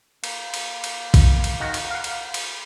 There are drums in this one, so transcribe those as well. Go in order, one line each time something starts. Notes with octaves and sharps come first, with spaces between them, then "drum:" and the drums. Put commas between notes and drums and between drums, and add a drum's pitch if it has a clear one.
A#3, drum: cymbal
drum: cymbal
drum: cymbal
drum: kick A#1, cymbal
drum: cymbal
D#3 F#4
drum: cymbal
F5 F#5
drum: cymbal
drum: cymbal